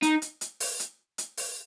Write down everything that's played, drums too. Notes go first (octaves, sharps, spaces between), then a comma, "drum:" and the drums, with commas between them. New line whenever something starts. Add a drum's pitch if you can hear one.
D#4, drum: hi-hat
drum: hi-hat
drum: hi-hat
drum: open hi-hat
drum: hi-hat
drum: hi-hat
drum: open hi-hat